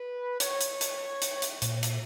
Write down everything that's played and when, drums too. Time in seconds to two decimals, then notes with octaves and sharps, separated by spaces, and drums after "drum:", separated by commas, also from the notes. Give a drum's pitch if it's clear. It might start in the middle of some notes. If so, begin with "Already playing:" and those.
Already playing: B4
0.40 C#5, drum: hi-hat
0.61 drum: hi-hat
0.81 drum: hi-hat
1.22 drum: hi-hat
1.42 drum: hi-hat
1.62 A#2, drum: hi-hat
1.83 drum: hi-hat